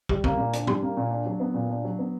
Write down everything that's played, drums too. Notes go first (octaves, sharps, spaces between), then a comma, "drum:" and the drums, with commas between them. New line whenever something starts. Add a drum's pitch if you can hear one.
G3, drum: kick
A#3, drum: kick
A#2
D4, drum: hi-hat
G3, drum: tom
A#3
A#2
D4
F#3
B3
A#2
D4
F#3
B3